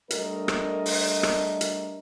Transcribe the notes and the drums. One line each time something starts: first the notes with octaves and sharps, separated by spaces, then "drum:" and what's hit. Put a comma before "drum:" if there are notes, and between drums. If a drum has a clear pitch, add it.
G3 A3 D4 A#4 D#5, drum: hi-hat
drum: rim click
drum: open hi-hat
drum: rim click
drum: hi-hat